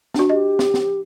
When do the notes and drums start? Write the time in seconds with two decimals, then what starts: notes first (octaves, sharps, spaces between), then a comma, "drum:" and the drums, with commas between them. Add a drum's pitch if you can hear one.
0.14 D4 F#4, drum: snare
0.30 G4 D#5
0.59 drum: snare
0.74 drum: snare